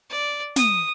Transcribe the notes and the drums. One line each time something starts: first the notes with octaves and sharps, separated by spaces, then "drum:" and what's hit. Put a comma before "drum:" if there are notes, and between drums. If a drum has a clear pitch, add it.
D5
D#6, drum: snare